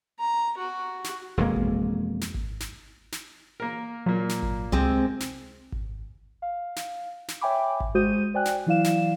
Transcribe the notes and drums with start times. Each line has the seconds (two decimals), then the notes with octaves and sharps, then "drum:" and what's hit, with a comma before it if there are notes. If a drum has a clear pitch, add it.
0.19 A#5
0.58 F#4
1.04 drum: snare
1.37 E1 F2 G#3 A#3
1.56 drum: kick G#1
2.21 drum: snare
2.34 drum: kick G#1
2.60 drum: snare
3.12 drum: snare
3.60 A#3 A#4
4.06 A#2 F#3 A#3
4.29 drum: snare
4.42 drum: kick G#1
4.72 C#2 C3 G#3 C4
5.20 drum: snare
5.72 drum: kick G#1
6.42 F5
6.76 drum: snare
7.28 drum: snare
7.41 C#5 E5 G5 G#5 B5 D6
7.80 drum: kick G#1
7.95 G#3 F#4 C5 D#6 G6 D#7
8.34 C5 D5 G5 G#5 F#6
8.45 drum: snare
8.66 E3 F#3 E4 D5 F5 E7
8.84 drum: snare